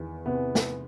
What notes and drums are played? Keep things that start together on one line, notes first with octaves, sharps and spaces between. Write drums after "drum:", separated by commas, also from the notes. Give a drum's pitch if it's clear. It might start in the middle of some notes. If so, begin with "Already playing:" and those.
Already playing: E2 D#3
C3 B3
drum: snare